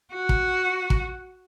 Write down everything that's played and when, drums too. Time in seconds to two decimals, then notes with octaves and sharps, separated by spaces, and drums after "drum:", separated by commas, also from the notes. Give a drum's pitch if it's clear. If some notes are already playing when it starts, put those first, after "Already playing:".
0.14 F#4
0.29 drum: kick
0.90 drum: kick